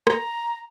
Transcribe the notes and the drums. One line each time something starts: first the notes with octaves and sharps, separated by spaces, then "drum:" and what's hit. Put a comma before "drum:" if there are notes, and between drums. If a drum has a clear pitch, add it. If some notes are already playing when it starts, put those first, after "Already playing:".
A#5, drum: rim click